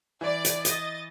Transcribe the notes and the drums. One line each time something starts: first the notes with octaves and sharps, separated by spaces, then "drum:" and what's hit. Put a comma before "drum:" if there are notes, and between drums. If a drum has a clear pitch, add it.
E3 D5
drum: hi-hat
D#5 A6, drum: hi-hat